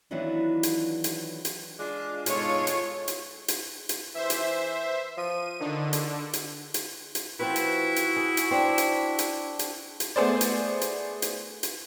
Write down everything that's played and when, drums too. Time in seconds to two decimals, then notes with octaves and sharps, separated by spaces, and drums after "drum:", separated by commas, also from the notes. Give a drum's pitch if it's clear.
0.11 D#3 E3 F#3 B3 D4 F4
0.63 drum: hi-hat
1.04 drum: hi-hat
1.45 drum: hi-hat
1.78 G#3 D4 F4
2.26 G#2 B2 G#3 F4 A4 C#5, drum: hi-hat
2.67 drum: hi-hat
3.08 drum: hi-hat
3.48 drum: hi-hat
3.89 drum: hi-hat
4.15 E3 C5 E5
4.30 drum: hi-hat
5.18 F3 D#7
5.60 D3 D#3
5.93 drum: hi-hat
6.33 drum: hi-hat
6.74 drum: hi-hat
7.15 drum: hi-hat
7.39 F3 C4 E4 F#4 B4
7.56 drum: hi-hat
7.96 drum: hi-hat
8.16 G#4
8.37 drum: hi-hat
8.51 C4 D4
8.78 drum: hi-hat
9.19 drum: hi-hat
9.59 drum: hi-hat
10.00 drum: hi-hat
10.16 A3 B3 G#4 C5 D5
10.41 drum: hi-hat
10.81 drum: hi-hat
11.22 drum: hi-hat
11.63 drum: hi-hat